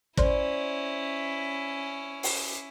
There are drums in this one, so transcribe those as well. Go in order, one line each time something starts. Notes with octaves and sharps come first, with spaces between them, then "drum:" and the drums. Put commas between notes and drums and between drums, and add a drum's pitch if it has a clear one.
C#4 E4 C5 D5 C6, drum: kick
drum: open hi-hat